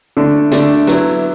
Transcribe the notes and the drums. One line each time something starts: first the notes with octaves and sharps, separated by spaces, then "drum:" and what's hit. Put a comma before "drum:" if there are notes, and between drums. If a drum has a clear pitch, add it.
D3 A3 D4
D3 A3 D4, drum: hi-hat
F#3 B3 E4, drum: hi-hat